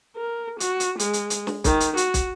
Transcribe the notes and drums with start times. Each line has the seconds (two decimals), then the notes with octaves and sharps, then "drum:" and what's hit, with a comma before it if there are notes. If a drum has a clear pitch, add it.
0.16 A#4
0.60 F#4, drum: hi-hat
0.80 drum: hi-hat
0.99 G#3, drum: hi-hat
1.13 drum: hi-hat
1.30 drum: hi-hat
1.47 drum: snare
1.64 D#3, drum: kick, hi-hat
1.80 drum: hi-hat
1.97 F#4, drum: hi-hat
2.14 drum: kick, hi-hat